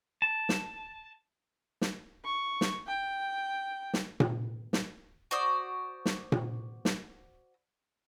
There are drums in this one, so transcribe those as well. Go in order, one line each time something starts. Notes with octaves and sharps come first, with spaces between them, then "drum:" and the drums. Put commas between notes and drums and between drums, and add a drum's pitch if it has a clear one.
A5
drum: snare
drum: snare
C#6
drum: snare
G5
drum: snare
drum: tom A#2
drum: snare
F#4 C5 D5 D#6
drum: snare
drum: tom A#2
drum: snare